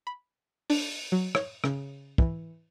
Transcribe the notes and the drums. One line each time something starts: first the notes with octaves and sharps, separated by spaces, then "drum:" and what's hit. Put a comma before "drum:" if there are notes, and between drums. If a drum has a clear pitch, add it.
B5
D4, drum: open hi-hat
F#3
C#5, drum: rim click
C#3, drum: rim click
E3, drum: kick